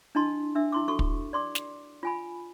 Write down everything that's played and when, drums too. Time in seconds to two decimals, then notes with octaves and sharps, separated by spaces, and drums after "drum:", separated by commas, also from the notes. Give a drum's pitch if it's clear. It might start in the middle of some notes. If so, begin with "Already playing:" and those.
0.15 D4 E4 D#5 A5 C6
0.55 D4 E5 E6
0.72 E4 C6 D6
0.88 F#4 A4 C#6
0.99 drum: kick
1.33 D5 C6 D6
1.55 drum: snare
2.03 F4 G#5 B5